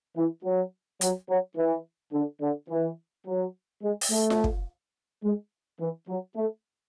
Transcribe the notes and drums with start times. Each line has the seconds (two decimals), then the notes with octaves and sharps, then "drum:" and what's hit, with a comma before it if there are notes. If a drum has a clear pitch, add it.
0.16 E3
0.44 F#3
1.01 F#3, drum: hi-hat
1.29 F#3
1.57 E3
2.13 D3
2.41 D3
2.70 E3
3.27 F#3
3.83 G#3
4.01 drum: open hi-hat
4.11 A3
4.30 drum: snare F4
4.44 drum: kick
5.23 G#3
5.80 E3
6.08 F#3
6.36 A3